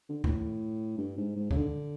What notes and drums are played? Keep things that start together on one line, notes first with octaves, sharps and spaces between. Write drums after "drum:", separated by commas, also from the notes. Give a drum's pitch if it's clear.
D3
A2, drum: kick D2
G2
G#2
G#2
C#3, drum: kick D2
D3